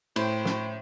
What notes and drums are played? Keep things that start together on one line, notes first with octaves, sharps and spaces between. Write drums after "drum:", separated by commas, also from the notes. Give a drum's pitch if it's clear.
A2 C5 G5, drum: cymbal
drum: snare